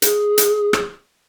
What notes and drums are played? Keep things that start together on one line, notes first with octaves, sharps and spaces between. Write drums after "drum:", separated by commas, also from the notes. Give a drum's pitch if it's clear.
G#4, drum: hi-hat
drum: hi-hat
drum: rim click